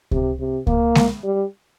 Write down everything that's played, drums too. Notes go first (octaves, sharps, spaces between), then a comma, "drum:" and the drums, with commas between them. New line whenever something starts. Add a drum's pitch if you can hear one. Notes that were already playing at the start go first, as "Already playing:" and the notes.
C3, drum: kick C#2
C3
A#3, drum: kick C#2
drum: snare G#3
G3